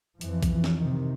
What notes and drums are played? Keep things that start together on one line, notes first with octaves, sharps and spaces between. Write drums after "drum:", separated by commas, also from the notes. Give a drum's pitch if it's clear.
F2 E3 F3, drum: hi-hat
drum: kick, hi-hat
drum: snare
C3 D#3